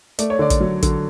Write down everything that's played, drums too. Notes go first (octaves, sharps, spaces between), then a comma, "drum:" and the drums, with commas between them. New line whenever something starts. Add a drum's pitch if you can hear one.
A3 D5, drum: hi-hat
C#5
D3 D5
drum: kick, hi-hat
F#3
D3, drum: kick, hi-hat